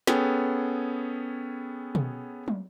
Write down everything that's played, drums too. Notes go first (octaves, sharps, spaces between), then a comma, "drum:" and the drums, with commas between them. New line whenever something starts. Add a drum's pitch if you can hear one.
B3 C#4 G#4 A4 G5, drum: snare
drum: tom B2
drum: tom